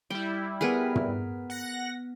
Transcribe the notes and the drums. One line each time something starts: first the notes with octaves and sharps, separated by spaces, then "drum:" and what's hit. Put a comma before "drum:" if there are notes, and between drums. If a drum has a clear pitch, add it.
G3 E4 G5
B3 G#4 A#4 B4 F6 B6
drum: tom
F#5 A#6